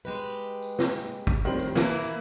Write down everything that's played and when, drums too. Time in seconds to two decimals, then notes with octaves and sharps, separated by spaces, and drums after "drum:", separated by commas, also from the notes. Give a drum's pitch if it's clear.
0.05 G#3 G4 B4
0.62 drum: tambourine
0.79 drum: snare
0.95 drum: tambourine
1.27 drum: kick
1.45 F2 A2 D#3 G3 C4
1.59 drum: tambourine
1.75 E3 A#3 E4, drum: snare